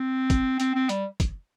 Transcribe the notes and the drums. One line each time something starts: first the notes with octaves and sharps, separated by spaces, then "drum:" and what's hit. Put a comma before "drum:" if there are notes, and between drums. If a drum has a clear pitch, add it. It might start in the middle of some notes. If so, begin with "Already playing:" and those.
Already playing: C4
drum: kick, hi-hat
C4, drum: hi-hat
C4
G3, drum: hi-hat
drum: kick, hi-hat